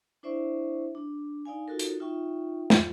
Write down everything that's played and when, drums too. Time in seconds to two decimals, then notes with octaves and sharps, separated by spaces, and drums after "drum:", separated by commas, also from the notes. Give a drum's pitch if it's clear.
0.23 D4 E4 C5 D5 E5 C#6
0.95 D4
1.45 D#4 D5 F5 G#5
1.68 D#4 F4 F#4 A4 A#4
1.79 drum: hi-hat
2.00 D#4 F4 E5 G5 C#6
2.70 F4, drum: snare